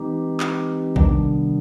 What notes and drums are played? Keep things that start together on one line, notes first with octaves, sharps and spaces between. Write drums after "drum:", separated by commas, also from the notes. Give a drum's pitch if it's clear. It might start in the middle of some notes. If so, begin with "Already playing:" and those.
Already playing: E3 G#3 C4 D#4 G4
drum: clap
C3 D#3 G3 B3 D4, drum: kick A#1